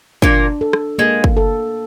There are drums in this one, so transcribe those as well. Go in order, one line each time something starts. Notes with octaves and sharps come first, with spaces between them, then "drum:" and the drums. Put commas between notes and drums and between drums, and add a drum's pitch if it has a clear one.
A#2 A#3 D4, drum: kick
A4
drum: rim click
G#3 A#3
drum: kick
A4